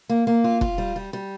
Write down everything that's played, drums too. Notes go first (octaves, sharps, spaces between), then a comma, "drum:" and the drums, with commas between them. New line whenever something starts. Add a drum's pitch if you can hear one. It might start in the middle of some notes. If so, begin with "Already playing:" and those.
A#3
A#3
F4
F4, drum: kick F1
G3
G3
G3